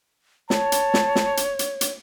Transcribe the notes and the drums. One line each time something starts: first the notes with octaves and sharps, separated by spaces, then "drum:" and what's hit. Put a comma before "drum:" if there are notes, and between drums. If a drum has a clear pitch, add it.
C#5 A5, drum: snare
drum: hi-hat
drum: snare
drum: snare
drum: hi-hat
drum: hi-hat
drum: hi-hat